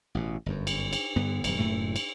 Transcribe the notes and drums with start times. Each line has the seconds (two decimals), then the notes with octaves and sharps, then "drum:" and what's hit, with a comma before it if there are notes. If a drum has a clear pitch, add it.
0.15 A1 B2
0.46 G1 F#2
0.67 drum: cymbal
0.93 drum: cymbal
1.16 G2 D3 B3
1.44 E1 G2 C3, drum: cymbal
1.59 F#1 F#2 A2 A3
1.96 drum: cymbal